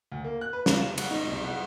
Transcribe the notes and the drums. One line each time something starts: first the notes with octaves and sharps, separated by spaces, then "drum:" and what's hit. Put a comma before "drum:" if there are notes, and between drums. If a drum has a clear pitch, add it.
D2
A#3
F#6
B4
F4, drum: snare
E7
F#5, drum: cymbal
D#4
C2
F#5